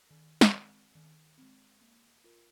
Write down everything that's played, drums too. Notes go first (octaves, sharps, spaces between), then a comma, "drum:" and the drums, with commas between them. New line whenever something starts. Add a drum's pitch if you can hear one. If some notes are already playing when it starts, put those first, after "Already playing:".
D#3
drum: snare
G#3 C4
D#3
G#3 C4
A#3
F4 A#4